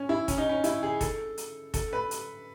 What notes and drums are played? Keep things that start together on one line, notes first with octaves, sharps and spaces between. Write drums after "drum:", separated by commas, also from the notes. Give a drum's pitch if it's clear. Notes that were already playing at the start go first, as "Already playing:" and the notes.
Already playing: C#4
E4
C#4, drum: kick, hi-hat
D#4
C#4
E4, drum: hi-hat
G#4
A4, drum: kick, hi-hat
drum: hi-hat
A4, drum: kick, hi-hat
B4
drum: hi-hat